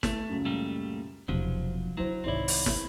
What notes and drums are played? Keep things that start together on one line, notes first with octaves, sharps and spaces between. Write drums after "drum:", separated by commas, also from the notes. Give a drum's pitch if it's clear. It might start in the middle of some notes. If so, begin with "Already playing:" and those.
A3, drum: snare
C#2 F#2
A#2 G3 A3
E1 A#1 C3 F3 F#3
E2 D3 F#3 E4 C5
C2 G#2 D#3 C4 E4 C#5 D5
drum: open hi-hat
drum: snare